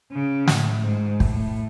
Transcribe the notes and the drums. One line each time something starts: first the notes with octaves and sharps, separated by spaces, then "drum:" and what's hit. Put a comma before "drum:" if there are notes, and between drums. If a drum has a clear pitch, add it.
C#3
A2, drum: snare
G#2
A2, drum: kick